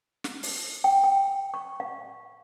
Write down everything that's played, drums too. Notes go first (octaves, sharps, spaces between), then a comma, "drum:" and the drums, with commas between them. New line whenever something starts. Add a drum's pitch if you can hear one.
drum: snare
drum: open hi-hat
G5
G5
C#6
F5